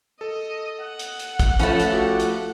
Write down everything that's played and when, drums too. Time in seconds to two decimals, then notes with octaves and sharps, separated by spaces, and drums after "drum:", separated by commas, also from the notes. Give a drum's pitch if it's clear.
0.21 A4 D#5
0.83 F#5
0.99 drum: hi-hat
1.19 drum: hi-hat
1.40 drum: kick, hi-hat
1.60 F3 A3 C#4 B4, drum: hi-hat
1.80 drum: hi-hat
1.92 F#4 G4
2.20 drum: hi-hat